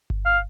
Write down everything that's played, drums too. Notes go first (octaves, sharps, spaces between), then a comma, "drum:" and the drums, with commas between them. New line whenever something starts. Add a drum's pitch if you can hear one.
drum: kick G1
F5